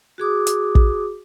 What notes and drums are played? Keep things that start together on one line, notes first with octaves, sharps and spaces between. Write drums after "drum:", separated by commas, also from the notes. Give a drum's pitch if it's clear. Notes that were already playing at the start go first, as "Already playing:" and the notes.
F#4 G#4 D6 D#6
drum: hi-hat
drum: kick